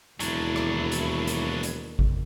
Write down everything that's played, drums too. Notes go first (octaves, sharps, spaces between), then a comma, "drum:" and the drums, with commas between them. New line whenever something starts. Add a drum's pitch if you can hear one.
E1 D#2 F#3 D4 E4, drum: hi-hat
drum: rim click
drum: hi-hat
drum: hi-hat
drum: hi-hat
drum: kick G#1